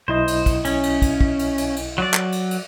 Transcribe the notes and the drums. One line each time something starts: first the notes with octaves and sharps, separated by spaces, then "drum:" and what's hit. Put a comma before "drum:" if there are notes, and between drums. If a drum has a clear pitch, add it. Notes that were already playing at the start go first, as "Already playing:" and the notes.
B1 E4 C5 D#5
drum: cymbal
drum: kick, cymbal
C#4, drum: cymbal
drum: cymbal
drum: kick, cymbal
drum: kick
drum: cymbal
drum: cymbal
drum: cymbal
F#3 D5
drum: clap
drum: cymbal
drum: cymbal